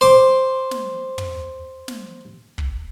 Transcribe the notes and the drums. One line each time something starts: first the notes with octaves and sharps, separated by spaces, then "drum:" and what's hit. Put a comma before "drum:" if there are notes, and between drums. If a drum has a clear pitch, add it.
C5 D6
drum: snare
drum: tom
drum: snare
drum: kick